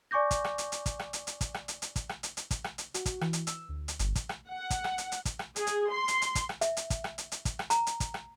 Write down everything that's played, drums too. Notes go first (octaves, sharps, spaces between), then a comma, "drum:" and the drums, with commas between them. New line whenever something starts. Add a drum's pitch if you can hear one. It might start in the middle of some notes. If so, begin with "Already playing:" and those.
D5 G#5 C#6 D6 G6 A#6
drum: kick, hi-hat
drum: rim click
drum: hi-hat
drum: hi-hat
drum: kick, hi-hat
drum: rim click
drum: hi-hat
drum: hi-hat
drum: kick, hi-hat
drum: rim click
drum: hi-hat
drum: hi-hat
drum: kick, hi-hat
drum: rim click
drum: hi-hat
drum: hi-hat
drum: kick, hi-hat
drum: rim click
drum: hi-hat
F#4, drum: hi-hat
drum: kick, hi-hat
E3, drum: rim click
drum: hi-hat
E6, drum: hi-hat
D2
drum: hi-hat
G1, drum: hi-hat
drum: kick, hi-hat
drum: rim click
F#5
drum: kick, hi-hat
drum: rim click
drum: hi-hat
drum: hi-hat
drum: kick, hi-hat
drum: rim click
G#4, drum: hi-hat
drum: hi-hat
C6
drum: hi-hat
drum: hi-hat
drum: kick, hi-hat
drum: rim click
E5, drum: hi-hat
drum: hi-hat
drum: kick, hi-hat
drum: rim click
drum: hi-hat
drum: hi-hat
drum: kick, hi-hat
drum: rim click
A#5, drum: hi-hat
drum: hi-hat
drum: kick, hi-hat
drum: rim click